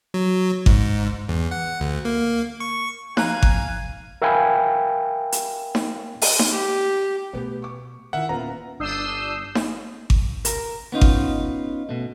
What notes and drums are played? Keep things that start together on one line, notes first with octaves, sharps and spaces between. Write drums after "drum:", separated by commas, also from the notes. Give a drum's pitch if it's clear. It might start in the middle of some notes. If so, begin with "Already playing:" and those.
F#3
G#2, drum: kick G#1
E2
F#5
D2
A#3
C#6
F3 F5 G#5 A#5 F#6, drum: snare D#4
drum: kick G#1
A#4 E5 F5 G5 G#5 B5
drum: hi-hat
drum: snare D#4
drum: open hi-hat
drum: snare D#4
G4
B2 A3 B3 G4
C#6 D6
D#3 E4 A#4 E5 F#5
D#1 B3 F4 A#4 A#5
G1 D4 D#6 E6 G6 C7
drum: snare D#4
drum: kick G#1
A#4, drum: hi-hat
B3 C#4 D#4 F4
drum: kick G#1
B2 A3